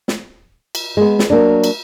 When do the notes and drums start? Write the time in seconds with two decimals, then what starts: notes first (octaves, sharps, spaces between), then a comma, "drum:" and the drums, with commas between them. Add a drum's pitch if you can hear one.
0.08 drum: snare
0.75 drum: cymbal
0.97 G#3 B3
1.19 drum: snare
1.30 F#3 A#3 D4
1.64 drum: cymbal